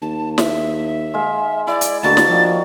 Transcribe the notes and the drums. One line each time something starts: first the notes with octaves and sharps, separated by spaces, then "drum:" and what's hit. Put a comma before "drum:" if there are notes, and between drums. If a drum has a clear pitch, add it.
D#2 A5
E5, drum: snare
G#3 F5
E4 D5
drum: hi-hat
D2 A#3 D4 F#4 A6
drum: snare
D#3 F3 D5